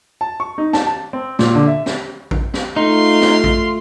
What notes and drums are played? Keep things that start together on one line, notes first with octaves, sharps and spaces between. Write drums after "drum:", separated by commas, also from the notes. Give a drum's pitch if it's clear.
A5
C#6
D#4
A5, drum: snare
A5
C4
A#2, drum: snare
D3
E5
drum: snare
drum: kick A1
drum: snare
A3 D#4 F4 F5 C6
drum: snare
drum: kick A1